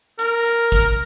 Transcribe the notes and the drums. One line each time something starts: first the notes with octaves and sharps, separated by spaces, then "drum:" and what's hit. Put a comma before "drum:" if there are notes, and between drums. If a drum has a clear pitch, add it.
A#4, drum: hi-hat
drum: hi-hat
drum: kick, hi-hat